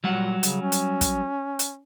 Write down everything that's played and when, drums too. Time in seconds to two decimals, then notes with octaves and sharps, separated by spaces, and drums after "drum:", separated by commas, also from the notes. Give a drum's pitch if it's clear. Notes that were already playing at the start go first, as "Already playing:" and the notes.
0.04 A#2 F#3 G3 F#5
0.43 C#3, drum: hi-hat
0.61 C#4
0.72 drum: hi-hat
1.01 drum: kick, hi-hat
1.59 drum: hi-hat